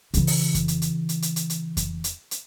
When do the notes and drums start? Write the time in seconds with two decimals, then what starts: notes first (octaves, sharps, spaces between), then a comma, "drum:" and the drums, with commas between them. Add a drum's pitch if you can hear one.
0.14 C#3 E3, drum: hi-hat
0.27 drum: open hi-hat
0.54 drum: kick F2, hi-hat
0.68 drum: hi-hat
0.82 drum: hi-hat
1.09 drum: hi-hat
1.22 drum: hi-hat
1.36 drum: hi-hat
1.50 drum: hi-hat
1.77 drum: kick F2, hi-hat
2.04 drum: hi-hat
2.31 drum: hi-hat